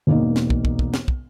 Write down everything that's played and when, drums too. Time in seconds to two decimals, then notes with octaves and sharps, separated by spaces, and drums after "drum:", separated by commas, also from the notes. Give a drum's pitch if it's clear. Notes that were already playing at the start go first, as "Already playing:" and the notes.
0.07 E1 A#3 D#4
0.36 drum: snare
0.50 drum: kick
0.65 drum: kick
0.79 drum: kick
0.94 drum: snare
1.08 drum: kick